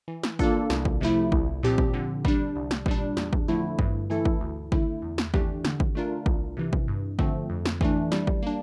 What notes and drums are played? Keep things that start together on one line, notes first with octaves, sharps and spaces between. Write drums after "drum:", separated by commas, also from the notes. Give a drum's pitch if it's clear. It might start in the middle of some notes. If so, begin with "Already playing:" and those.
E3
drum: snare
A#3 D4 F4 A4, drum: kick
C2, drum: snare
drum: kick
C3 F3 A3 E4
C2, drum: kick
A#2 F3 C4 G4
drum: kick
D3
G3 D4, drum: kick
C2
drum: snare
A#2 G3 D4, drum: kick
E2, drum: snare
drum: kick
D3 F3 A3 E4
G2, drum: kick
E3 A3 E4 A4
drum: kick
D2
D3 A3 E4, drum: kick
E2
drum: snare
E3 A3 D4 G4, drum: kick
D3, drum: snare
drum: kick
A3 D4 F4 A#4
C2, drum: kick
C3 E3
drum: kick
G2
D3 F3 A3 C4, drum: kick
F2
drum: snare
E3 A3 D4, drum: kick
G3, drum: snare
drum: kick
A#3 D4